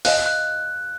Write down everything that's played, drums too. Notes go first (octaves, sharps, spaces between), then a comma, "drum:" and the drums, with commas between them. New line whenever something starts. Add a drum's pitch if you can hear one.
D#5 F5 F#6, drum: open hi-hat
F#6